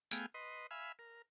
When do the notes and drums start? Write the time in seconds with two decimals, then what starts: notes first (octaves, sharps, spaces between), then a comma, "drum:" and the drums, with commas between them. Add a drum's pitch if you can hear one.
0.11 A3 B3 G#4 F5 G5 G#5, drum: tambourine
0.34 B4 D#5 C6
0.71 E5 F5 G#5 B5
0.99 A#4